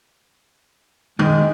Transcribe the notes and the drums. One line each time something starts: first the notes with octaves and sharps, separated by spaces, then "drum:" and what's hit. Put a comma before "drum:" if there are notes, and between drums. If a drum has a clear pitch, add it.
D#3 G#3, drum: tom